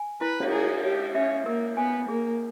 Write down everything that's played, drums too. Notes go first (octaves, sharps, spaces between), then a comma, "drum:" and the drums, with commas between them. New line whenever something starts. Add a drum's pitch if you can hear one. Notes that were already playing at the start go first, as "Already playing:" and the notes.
Already playing: G#5
E4 B4
drum: cymbal
E4 G#4
G4 C#5
C#4 E5
A#3 A#4
B3 G#5
A#3 G#4